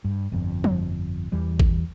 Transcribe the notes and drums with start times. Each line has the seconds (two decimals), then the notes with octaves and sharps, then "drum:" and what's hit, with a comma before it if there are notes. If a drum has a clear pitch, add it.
0.05 G2
0.32 G1 F2
0.64 drum: tom F3
1.32 E2 E3 G3
1.60 drum: kick G#1